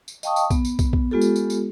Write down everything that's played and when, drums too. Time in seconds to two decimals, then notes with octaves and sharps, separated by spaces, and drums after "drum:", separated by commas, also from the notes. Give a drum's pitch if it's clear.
0.08 drum: tambourine
0.23 D#5 F5 G5 A5 C#6 D#6, drum: tambourine
0.36 drum: tambourine
0.50 B3, drum: kick, tambourine
0.65 drum: tambourine
0.79 drum: kick, tambourine
0.93 drum: kick
1.11 G#3 B3 F4 G4 A4
1.21 drum: tambourine
1.36 drum: tambourine
1.50 drum: tambourine